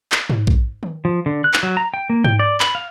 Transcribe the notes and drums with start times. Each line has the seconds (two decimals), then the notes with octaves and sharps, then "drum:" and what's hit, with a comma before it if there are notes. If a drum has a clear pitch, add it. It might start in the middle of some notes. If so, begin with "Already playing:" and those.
0.12 drum: clap
0.30 drum: tom G#2
0.47 drum: kick
0.83 drum: tom D#3
1.05 F3
1.26 D3
1.44 F#6
1.54 drum: clap
1.63 F#3
1.77 A#5
1.94 G5
2.10 A#3
2.24 G5, drum: tom G#2
2.39 D5
2.60 B5, drum: clap
2.75 F5